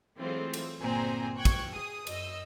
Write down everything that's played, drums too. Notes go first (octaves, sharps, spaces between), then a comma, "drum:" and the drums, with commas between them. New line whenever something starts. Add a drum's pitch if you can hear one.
E3 F#3 G#3 A3 C4 F4
drum: cymbal
G1 A#2 C4 G#4 G#5 A#5
G5 C#6 F#6 G#6
drum: kick, cymbal
G#4 D#6
F#2 D#5 E6, drum: cymbal